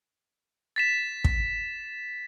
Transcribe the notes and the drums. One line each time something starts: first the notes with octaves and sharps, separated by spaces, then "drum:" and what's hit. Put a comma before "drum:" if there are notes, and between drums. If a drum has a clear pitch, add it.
A6 B6 E7
drum: kick